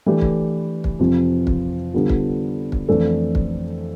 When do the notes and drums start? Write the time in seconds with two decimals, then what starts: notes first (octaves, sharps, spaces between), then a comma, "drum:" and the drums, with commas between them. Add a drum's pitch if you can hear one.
0.06 E3 A3 D4 G4 B4
0.21 drum: kick
0.84 drum: kick
0.99 F2 C3 F3 C4
1.47 drum: kick
1.94 D3 G3 B3 F4
2.10 drum: kick
2.72 drum: kick
2.88 F2 E3 A3 D4 A4
3.35 drum: kick